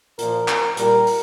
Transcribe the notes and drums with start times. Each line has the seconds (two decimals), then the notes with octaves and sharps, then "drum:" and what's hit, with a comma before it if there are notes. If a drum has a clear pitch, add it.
0.19 A#2 F3 A#4, drum: hi-hat
0.48 drum: clap
0.77 A#2 G3 A#4, drum: hi-hat
1.07 drum: open hi-hat